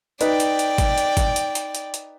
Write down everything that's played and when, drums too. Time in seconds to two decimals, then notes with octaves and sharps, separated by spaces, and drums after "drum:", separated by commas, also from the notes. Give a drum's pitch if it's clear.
0.21 D#4 B4 D5 D#5 G5, drum: hi-hat
0.40 drum: hi-hat
0.59 drum: hi-hat
0.78 drum: kick G1, hi-hat
0.98 drum: hi-hat
1.17 drum: kick G1, hi-hat
1.36 drum: hi-hat
1.55 drum: hi-hat
1.75 drum: hi-hat
1.94 drum: hi-hat